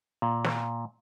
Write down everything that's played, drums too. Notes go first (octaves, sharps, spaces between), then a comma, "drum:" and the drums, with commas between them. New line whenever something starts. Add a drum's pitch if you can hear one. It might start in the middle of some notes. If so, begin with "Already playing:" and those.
A#2
drum: snare